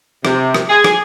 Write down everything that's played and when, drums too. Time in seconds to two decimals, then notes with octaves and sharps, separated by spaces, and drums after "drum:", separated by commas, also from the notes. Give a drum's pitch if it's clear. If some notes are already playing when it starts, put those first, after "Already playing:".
0.25 C3, drum: rim click
0.54 drum: rim click
0.69 G#4
0.84 drum: rim click